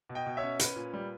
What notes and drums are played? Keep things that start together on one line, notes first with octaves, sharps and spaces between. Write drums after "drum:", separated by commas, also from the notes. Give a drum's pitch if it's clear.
B2
D#5 G5
B2
C#5 E5
C#4
C#4 B4, drum: hi-hat
A#2
G3